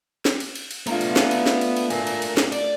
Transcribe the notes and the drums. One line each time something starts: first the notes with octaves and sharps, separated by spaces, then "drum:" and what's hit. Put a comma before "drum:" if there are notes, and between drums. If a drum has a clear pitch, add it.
drum: snare
drum: cymbal
drum: cymbal
drum: cymbal
A3 B3 D4 F4 A#5, drum: cymbal
drum: cymbal
drum: snare
drum: cymbal
drum: snare
drum: cymbal
drum: cymbal
A#4 G#5, drum: cymbal
drum: cymbal
drum: cymbal
drum: snare
D5, drum: cymbal